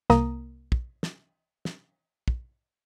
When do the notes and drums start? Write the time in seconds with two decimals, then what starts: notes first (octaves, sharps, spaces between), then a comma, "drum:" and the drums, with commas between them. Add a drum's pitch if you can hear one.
0.10 C2 A#3 A#5 D#6, drum: snare
0.72 drum: kick
1.03 drum: snare
1.65 drum: snare
2.28 drum: kick